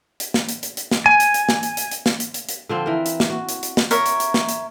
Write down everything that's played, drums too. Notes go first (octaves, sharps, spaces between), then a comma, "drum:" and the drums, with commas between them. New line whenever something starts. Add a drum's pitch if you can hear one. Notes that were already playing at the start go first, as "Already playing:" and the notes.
drum: hi-hat
drum: snare
drum: hi-hat
drum: hi-hat
drum: hi-hat
drum: snare
G#5
drum: hi-hat
drum: hi-hat
drum: snare
drum: hi-hat
drum: hi-hat
drum: hi-hat
drum: snare
drum: hi-hat
drum: hi-hat
drum: hi-hat
D3 F3 C4
E3 A#4
drum: hi-hat
drum: snare
F#4
drum: hi-hat
drum: hi-hat
drum: snare
A#4 C#5 E5, drum: hi-hat
drum: hi-hat
drum: hi-hat
drum: snare
drum: hi-hat